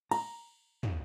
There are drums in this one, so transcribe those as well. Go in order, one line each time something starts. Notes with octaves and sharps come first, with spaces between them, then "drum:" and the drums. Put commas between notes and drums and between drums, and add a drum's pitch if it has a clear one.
A#5, drum: cymbal
drum: tom